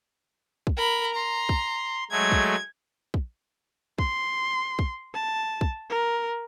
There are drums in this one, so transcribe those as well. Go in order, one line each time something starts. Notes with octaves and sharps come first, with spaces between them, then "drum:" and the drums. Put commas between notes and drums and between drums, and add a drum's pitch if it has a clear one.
drum: kick
A#4 B5
A#5 C6
drum: kick
F#3 G#3 A3 G#6
drum: kick
drum: kick
C6, drum: kick
drum: kick
A5
drum: kick
A#4